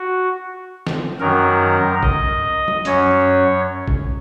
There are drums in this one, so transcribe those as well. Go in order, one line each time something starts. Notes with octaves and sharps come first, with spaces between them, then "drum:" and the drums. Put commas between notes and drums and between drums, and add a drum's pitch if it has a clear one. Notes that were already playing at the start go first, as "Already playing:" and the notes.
Already playing: F#4
drum: snare
F#2 D#3 F#3 A#4
D#5, drum: kick
drum: tom
F#2 F#3 C#4 C#5, drum: hi-hat
drum: kick